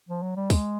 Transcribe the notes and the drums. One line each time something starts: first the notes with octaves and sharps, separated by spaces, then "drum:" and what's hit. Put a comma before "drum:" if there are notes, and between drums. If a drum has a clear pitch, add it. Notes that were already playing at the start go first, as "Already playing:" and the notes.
F3
F#3
G3
G#3, drum: kick, open hi-hat